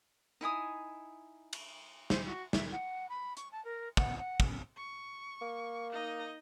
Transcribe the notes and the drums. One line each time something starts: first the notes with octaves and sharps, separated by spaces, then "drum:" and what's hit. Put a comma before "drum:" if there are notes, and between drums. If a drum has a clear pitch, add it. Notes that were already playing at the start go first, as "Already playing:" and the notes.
D#4 E4 G#5 D#6
drum: cymbal
C5, drum: snare
F#4
E5, drum: snare
F#5
B5
C#6, drum: hi-hat
A5
A#4
F#5, drum: kick
F#5
drum: kick
C#6
A#3
D#4 D#5